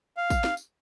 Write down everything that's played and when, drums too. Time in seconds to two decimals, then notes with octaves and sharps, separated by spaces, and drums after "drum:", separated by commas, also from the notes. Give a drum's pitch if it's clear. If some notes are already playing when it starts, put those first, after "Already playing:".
0.17 F5
0.30 drum: kick, tambourine
0.44 drum: snare
0.57 drum: tambourine